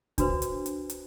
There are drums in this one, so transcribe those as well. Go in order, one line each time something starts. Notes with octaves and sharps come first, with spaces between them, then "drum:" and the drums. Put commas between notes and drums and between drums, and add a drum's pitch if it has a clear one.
D4 F#4 B4 C5, drum: kick C#2, hi-hat
drum: hi-hat
drum: hi-hat
drum: hi-hat